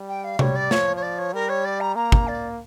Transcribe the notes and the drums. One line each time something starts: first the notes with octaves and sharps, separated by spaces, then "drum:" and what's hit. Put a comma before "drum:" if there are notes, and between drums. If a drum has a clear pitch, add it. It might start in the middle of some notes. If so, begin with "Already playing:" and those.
Already playing: G3
G5
F5
G3 C#5, drum: tom C3
D5
F3 C#5, drum: snare
C#5
D5
C#5
G3 A#4
C#5
D5
A#5
A#3 A#5
drum: kick
D5